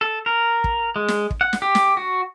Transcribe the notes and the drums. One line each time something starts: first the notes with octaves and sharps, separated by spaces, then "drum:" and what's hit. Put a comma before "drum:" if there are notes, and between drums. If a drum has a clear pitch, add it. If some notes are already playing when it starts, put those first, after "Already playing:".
A4
A#4
drum: kick
G#3
drum: snare
drum: kick
F#5
drum: snare
G4
drum: snare
F#4